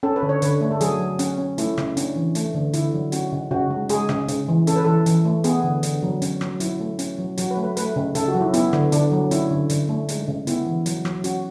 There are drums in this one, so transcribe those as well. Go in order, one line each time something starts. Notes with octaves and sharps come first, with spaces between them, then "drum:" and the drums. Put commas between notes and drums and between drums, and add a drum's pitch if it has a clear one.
C#4 A4
B4
D3
C#5
D3 B4, drum: hi-hat
A3
A4
F#3 G#4, drum: hi-hat
F#3
C#4, drum: hi-hat
C#4
A3 E4, drum: hi-hat
C#3, drum: rim click
C#4 D4, drum: hi-hat
E3
A3, drum: hi-hat
D3
D3 E4, drum: hi-hat
F#3
C#4 F#4, drum: hi-hat
C#3
C#3 F#4
G#3
G#3 G#4, drum: hi-hat
C#3, drum: rim click
C#3, drum: hi-hat
E3
C#4 A4, drum: hi-hat
B4
E3 A4
E3, drum: hi-hat
A3
B3 G#4, drum: hi-hat
D3
D3, drum: hi-hat
F#3
C#4, drum: hi-hat
F#3, drum: rim click
F#3 E4, drum: hi-hat
A3
C#4, drum: hi-hat
F#3
F#3 F#4, drum: hi-hat
B4
A3
B4
A3 B4, drum: hi-hat
C#3
C#3 A4, drum: hi-hat
F#4
F#3
E4
B3 E4, drum: hi-hat
D3, drum: rim click
D3 D4, drum: hi-hat
F#3
C#4 E4, drum: hi-hat
D3
D3, drum: hi-hat
A3
G#3, drum: hi-hat
C#3
B3 E4, drum: hi-hat
E3
F#3, drum: hi-hat
F#3, drum: rim click
C#4 F#4, drum: hi-hat